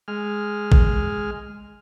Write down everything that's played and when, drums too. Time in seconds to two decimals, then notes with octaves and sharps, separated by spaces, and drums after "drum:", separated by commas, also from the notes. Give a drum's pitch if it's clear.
0.08 G#3 F6
0.72 drum: kick A1